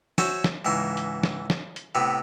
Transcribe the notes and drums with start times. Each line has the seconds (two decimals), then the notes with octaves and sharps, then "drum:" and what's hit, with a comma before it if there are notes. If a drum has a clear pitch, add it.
0.18 F#4 C5 C#5 E5 G#5, drum: snare
0.44 drum: snare
0.65 C#2 G#2 E3 C6
0.97 drum: hi-hat
1.23 drum: snare
1.50 drum: snare
1.76 drum: hi-hat
1.95 A2 C3 B3